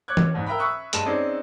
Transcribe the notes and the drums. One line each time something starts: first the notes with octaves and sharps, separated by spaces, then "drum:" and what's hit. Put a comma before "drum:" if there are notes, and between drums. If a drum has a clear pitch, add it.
C#5 D6 F#6 G#6
drum: tom E3
C2 G#2
A#4 E5 G5 A#5 B5
E5 B5 C#6 D#6 E6 F#6
G2 G#3 A5 D#7 E7, drum: hi-hat
C4 C#4 D#4 G#4 D5